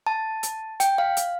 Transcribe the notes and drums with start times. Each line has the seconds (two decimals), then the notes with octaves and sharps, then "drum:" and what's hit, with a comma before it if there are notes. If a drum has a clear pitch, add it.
0.07 A5
0.43 drum: hi-hat
0.80 G5, drum: hi-hat
0.98 F5
1.17 drum: hi-hat